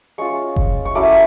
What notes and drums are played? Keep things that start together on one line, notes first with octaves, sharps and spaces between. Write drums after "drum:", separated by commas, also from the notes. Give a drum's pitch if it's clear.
G#3 C#4 F4 C#6
drum: kick F#1
C#6
F#3 A3 C#4 E4 D6